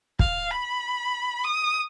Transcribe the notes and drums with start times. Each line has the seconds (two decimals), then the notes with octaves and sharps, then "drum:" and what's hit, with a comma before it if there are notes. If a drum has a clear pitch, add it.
0.19 F5, drum: kick
0.51 B5
1.45 D#6